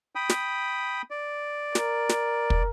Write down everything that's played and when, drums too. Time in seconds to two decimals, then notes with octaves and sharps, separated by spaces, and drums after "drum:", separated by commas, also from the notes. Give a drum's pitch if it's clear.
0.15 G5 B5 D#6
0.29 drum: snare
1.11 D5
1.75 A#4, drum: snare
2.09 drum: snare
2.50 drum: kick